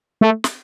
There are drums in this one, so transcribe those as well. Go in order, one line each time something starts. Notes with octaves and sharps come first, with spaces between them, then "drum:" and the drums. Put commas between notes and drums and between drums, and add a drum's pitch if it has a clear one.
A3
drum: snare